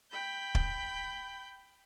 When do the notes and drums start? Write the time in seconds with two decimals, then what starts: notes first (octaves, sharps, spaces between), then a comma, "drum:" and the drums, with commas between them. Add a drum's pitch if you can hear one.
0.11 G5 B5 G6
0.55 drum: kick